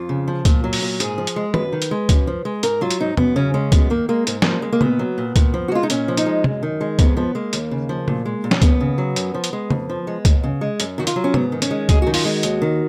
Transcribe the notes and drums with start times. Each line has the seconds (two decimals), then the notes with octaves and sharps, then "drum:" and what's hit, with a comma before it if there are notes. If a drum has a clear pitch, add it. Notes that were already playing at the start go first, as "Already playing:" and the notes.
Already playing: F2 F4
0.09 C#3
0.28 F3
0.45 A#2, drum: kick C#2, hi-hat
0.64 F#3
0.73 drum: open hi-hat
0.82 A#2
1.00 G#2 G#4, drum: hi-hat
1.18 F3
1.27 drum: hi-hat
1.36 G#3
1.54 F#2 B4, drum: tom
1.72 D#3
1.82 drum: hi-hat
1.91 G#3
2.09 F#2, drum: kick C#2, hi-hat
2.27 F3
2.45 G#3
2.63 G#2 A#4, drum: hi-hat
2.81 F#3 F4
2.91 drum: hi-hat
3.00 G#2 D#4
3.17 F#2 B3, drum: tom
3.36 C#3 C#4
3.54 G#3 C#4
3.72 F#2 B3, drum: kick C#2, hi-hat
3.90 D#3 A#3
4.09 G#3 A#3
4.27 G#2 A#3, drum: hi-hat
4.42 F3 A#3, drum: snare
4.62 G#3
4.72 A#3
4.81 A#2 B3, drum: tom
4.99 F#3
5.18 A#2
5.36 A#2, drum: kick C#2, hi-hat
5.54 F3
5.68 F#4
5.72 G#3 F4
5.83 D#4
5.90 A#2 C#4, drum: hi-hat
6.08 F3
6.17 D#4, drum: hi-hat
6.26 G#3
6.44 F#2, drum: tom
6.63 D#3
6.81 G#3
6.99 F2 B3, drum: kick C#2, hi-hat
7.17 F3 B3
7.35 G#3 A#3
7.53 D#2, drum: hi-hat
7.71 C#3
7.89 F3
8.08 A#2, drum: tom
8.25 G#3
8.44 A#2
8.51 C#4, drum: snare
8.62 D#2 B3, drum: kick C#2, hi-hat
8.80 C#3
8.98 F#3
9.16 F#2, drum: hi-hat
9.34 F3
9.44 drum: hi-hat
9.53 G#3
9.70 F2, drum: tom
9.89 F3
10.07 G#3
10.25 D#2, drum: kick C#2, hi-hat
10.43 C#3
10.61 G#3
10.80 F#2, drum: hi-hat
10.98 D#3 F#4
11.07 F4, drum: hi-hat
11.16 F#3
11.24 C#4
11.34 G#2 B3, drum: tom
11.52 D#3
11.62 C#4, drum: hi-hat
11.71 G#3
11.89 F#2 G#4, drum: kick C#2, hi-hat
12.02 D#3 F#4
12.14 F4, drum: open hi-hat
12.25 G#3 F#4
12.43 D#2, drum: hi-hat
12.62 D#3